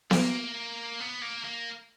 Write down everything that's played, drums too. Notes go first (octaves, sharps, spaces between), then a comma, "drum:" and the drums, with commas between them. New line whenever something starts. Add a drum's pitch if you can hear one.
A#3, drum: snare B3
B3
A#3
A#3